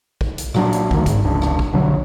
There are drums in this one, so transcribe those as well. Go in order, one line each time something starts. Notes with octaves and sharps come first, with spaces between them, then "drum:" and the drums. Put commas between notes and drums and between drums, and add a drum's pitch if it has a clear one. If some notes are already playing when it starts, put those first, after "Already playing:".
drum: kick
drum: hi-hat
A#2 F#3 D4, drum: rim click
drum: hi-hat
D2 D#3, drum: kick
G#1 G#2, drum: kick, hi-hat
F1 C#2 D4
drum: rim click
drum: kick
B1 D3 F3 F#3